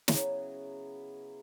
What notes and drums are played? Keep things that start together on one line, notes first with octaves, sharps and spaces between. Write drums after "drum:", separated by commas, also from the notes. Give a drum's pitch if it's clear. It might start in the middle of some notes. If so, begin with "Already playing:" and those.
C#3 F#3 B3 E4, drum: snare